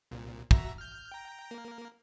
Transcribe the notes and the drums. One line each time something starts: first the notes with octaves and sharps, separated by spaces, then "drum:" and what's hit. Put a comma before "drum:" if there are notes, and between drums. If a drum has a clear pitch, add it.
C2 A#2
F#4 E5 A#5, drum: kick
F6 G6
G5 A#5
A#3 A#4